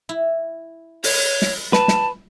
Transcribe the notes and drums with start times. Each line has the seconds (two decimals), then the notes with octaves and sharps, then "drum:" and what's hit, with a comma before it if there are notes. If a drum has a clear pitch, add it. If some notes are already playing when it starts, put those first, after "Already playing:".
0.09 E4
1.04 C#5, drum: open hi-hat
1.42 drum: snare
1.73 B4 A5, drum: snare
1.88 drum: snare